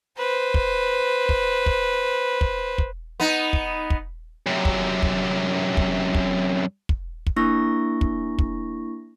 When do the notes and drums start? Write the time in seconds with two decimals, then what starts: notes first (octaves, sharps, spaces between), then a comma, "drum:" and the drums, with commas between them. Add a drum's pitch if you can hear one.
0.18 B4 C5
0.54 drum: kick
1.29 drum: kick
1.66 drum: kick
2.41 drum: kick
2.78 drum: kick
3.20 B3 D#4
3.53 drum: kick
3.90 drum: kick
4.46 F#2 C3
4.65 drum: kick
5.02 drum: kick
5.77 drum: kick
6.14 drum: kick
6.89 drum: kick
7.26 drum: kick
7.36 A#3 D4 E4 C#6 A#6
8.01 drum: kick
8.39 drum: kick